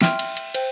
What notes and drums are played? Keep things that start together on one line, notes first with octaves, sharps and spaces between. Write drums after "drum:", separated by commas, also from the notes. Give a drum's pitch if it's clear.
E5 G5 C6 F6, drum: snare
drum: cymbal
drum: cymbal
C5 G5, drum: cymbal